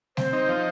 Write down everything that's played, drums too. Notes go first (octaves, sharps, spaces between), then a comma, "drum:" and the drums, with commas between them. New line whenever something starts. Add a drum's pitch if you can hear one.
C4 C5, drum: snare
D#4
F3